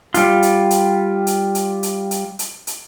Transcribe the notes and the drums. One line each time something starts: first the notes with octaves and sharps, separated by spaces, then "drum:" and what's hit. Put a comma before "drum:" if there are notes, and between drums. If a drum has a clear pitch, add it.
G3 F4, drum: hi-hat
drum: hi-hat
drum: hi-hat
drum: hi-hat
drum: hi-hat
drum: hi-hat
drum: hi-hat
drum: hi-hat
drum: hi-hat